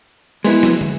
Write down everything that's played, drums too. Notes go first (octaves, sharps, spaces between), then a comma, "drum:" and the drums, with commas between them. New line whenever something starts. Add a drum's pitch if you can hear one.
G#3 B3 E4, drum: open hi-hat
drum: snare
drum: tom